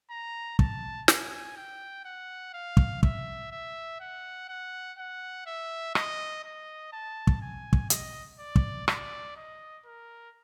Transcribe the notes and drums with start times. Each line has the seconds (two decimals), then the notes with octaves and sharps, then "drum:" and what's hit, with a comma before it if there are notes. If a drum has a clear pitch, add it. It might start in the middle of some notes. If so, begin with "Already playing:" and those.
0.10 A#5
0.59 A5, drum: kick
1.08 G#5, drum: snare
1.57 G5
2.05 F#5
2.54 F5
2.77 drum: kick
3.03 E5, drum: kick
3.52 E5
4.00 F#5
4.49 F#5
4.98 F#5
5.47 E5
5.95 D#5, drum: rim click
6.44 D#5
6.93 A5
7.27 drum: kick
7.41 G#5
7.73 drum: kick
7.90 D#5, drum: hi-hat
8.39 D5
8.56 drum: kick
8.88 D5, drum: rim click
9.36 D#5
9.86 A#4